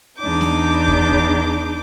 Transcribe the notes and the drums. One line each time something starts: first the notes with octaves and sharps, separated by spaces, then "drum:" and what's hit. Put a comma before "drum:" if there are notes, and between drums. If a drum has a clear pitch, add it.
E2 D4 D#4 D6 G6
drum: snare
drum: kick
drum: kick